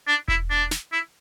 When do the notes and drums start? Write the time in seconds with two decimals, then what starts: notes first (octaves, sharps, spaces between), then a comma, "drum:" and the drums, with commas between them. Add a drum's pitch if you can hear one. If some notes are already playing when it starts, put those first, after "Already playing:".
0.08 D4
0.28 E4, drum: kick E1
0.50 D4
0.71 drum: snare
0.92 E4